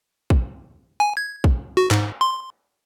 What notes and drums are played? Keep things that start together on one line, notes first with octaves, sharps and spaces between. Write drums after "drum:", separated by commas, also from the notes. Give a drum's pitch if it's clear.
drum: kick A#1
G#5
G#6
drum: kick A#1
F#4
G#2, drum: clap
C6